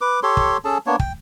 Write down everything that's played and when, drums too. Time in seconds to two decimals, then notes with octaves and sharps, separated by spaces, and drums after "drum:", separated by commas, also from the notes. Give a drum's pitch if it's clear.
0.01 B4 D6
0.23 G4 A4 C#5 C6
0.37 drum: kick
0.65 C#4 G#4 A4 A5
0.86 A#3 B3 D4 C#5
0.99 G5, drum: kick